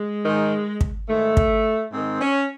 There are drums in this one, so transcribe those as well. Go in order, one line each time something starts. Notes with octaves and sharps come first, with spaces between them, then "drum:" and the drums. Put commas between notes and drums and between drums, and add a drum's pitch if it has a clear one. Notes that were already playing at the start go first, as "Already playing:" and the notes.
Already playing: G#3
G#2 D#3
drum: kick
G#2 D#3 A3
drum: kick
G#2 D#3 C4
C#4